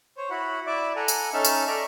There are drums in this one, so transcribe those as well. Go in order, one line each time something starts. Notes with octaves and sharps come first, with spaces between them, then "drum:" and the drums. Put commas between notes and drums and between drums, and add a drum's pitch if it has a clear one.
C5 C#5
E4 F#4 F#5 B5
E4 D5 E5 D6
A4 F#5 G#5 A#5
drum: tambourine
C#4 D#4 A4 E5 A5 F6
drum: tambourine
A4 D5 E5 A#5 C#6 F6